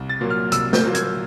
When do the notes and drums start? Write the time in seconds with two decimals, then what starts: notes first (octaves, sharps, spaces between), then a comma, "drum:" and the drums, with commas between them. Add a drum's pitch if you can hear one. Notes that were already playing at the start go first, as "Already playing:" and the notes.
Already playing: C2
0.09 A6
0.20 A#2 F#3 A#3
0.30 F6
0.52 C2 E6, drum: hi-hat
0.73 G6, drum: snare
0.84 A#2 F#3 A#3
0.95 G#6, drum: hi-hat